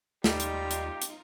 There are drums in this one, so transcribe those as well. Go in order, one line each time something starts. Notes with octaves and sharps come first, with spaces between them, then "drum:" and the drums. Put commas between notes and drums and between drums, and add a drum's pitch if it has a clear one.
D#2 G3 D#4 F4 G4, drum: snare
drum: hi-hat
drum: hi-hat
drum: hi-hat